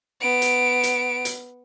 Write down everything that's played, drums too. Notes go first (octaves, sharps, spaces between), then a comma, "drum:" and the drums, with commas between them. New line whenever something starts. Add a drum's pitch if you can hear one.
B3 D7
drum: hi-hat
drum: hi-hat
drum: hi-hat